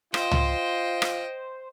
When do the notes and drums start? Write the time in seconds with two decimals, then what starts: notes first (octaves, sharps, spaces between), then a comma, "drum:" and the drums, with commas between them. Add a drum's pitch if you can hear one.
0.14 F4 C5 D#5 G5, drum: rim click
0.31 drum: tom
1.02 drum: rim click